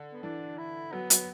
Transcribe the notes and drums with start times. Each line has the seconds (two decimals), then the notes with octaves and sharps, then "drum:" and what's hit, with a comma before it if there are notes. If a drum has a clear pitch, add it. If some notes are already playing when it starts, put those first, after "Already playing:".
Already playing: D3
0.13 B3
0.23 E3 D4
0.58 E4
0.92 F#3 B3
1.10 F#3, drum: hi-hat